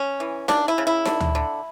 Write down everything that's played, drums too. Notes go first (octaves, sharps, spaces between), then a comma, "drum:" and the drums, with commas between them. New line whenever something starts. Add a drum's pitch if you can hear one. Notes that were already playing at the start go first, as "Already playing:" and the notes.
Already playing: C#4
E3
C#3 D4, drum: snare D#4
E4
C#3
E4
D3, drum: snare D#4
drum: tom D2
D3